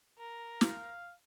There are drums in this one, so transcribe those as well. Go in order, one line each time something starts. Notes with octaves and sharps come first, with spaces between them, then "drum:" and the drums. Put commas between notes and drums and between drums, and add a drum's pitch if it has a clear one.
A#4
F5, drum: snare